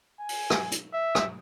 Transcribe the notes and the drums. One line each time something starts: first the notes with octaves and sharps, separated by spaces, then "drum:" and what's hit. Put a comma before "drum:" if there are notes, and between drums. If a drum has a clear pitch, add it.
G#5
drum: open hi-hat
drum: rim click
drum: hi-hat
E5
drum: rim click